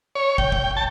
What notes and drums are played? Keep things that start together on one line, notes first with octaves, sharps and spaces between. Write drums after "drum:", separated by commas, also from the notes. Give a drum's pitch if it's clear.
C#5
G5, drum: kick
drum: kick
A5